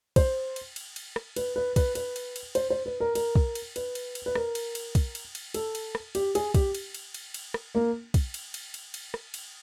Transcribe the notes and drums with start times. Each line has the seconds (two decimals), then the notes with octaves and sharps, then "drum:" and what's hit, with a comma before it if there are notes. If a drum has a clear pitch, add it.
0.16 C5, drum: kick, cymbal
0.56 drum: cymbal
0.76 drum: cymbal
0.96 drum: cymbal
1.16 drum: rim click
1.36 B4, drum: cymbal
1.56 B4
1.76 B4, drum: kick, cymbal
1.95 B4, drum: cymbal
2.16 drum: cymbal
2.36 drum: cymbal
2.55 C5, drum: cymbal
2.70 C5
2.86 B4
3.00 A#4
3.15 A#4, drum: cymbal
3.35 drum: kick
3.55 drum: cymbal
3.76 B4, drum: cymbal
3.95 drum: cymbal
4.15 drum: cymbal
4.26 B4
4.35 A#4, drum: rim click
4.55 drum: cymbal
4.75 drum: cymbal
4.95 drum: kick, cymbal
5.15 drum: cymbal
5.35 drum: cymbal
5.54 A4, drum: cymbal
5.75 drum: cymbal
5.95 drum: rim click
6.15 G4, drum: cymbal
6.35 G#4, drum: cymbal
6.54 G4, drum: kick, cymbal
6.75 drum: cymbal
6.94 drum: cymbal
7.14 drum: cymbal
7.34 drum: cymbal
7.54 drum: rim click
7.75 A#3
8.14 drum: kick, cymbal
8.34 drum: cymbal
8.54 drum: cymbal
8.74 drum: cymbal
8.94 drum: cymbal
9.14 drum: rim click
9.34 drum: cymbal